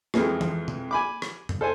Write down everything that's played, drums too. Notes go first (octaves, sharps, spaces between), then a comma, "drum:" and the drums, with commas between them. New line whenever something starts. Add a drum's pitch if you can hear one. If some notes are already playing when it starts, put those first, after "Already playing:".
F2 E3 F3 G#3, drum: rim click
drum: tom E3
drum: tom B2
G#5 B5 D6
drum: rim click
drum: tom F2
A4 C5 G#5